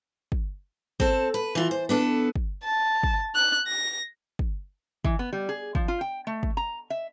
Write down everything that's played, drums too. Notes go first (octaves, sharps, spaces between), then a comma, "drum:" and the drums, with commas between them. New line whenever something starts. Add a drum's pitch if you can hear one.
drum: kick
C4 A4, drum: kick
B4
E3 F4
C5
B3 D4 A4
drum: kick
A5
drum: kick
F#6
A#6
drum: kick
E3, drum: kick
B3
G3
G#4
F3, drum: kick
F4
G5
A3
drum: kick
A#5
E5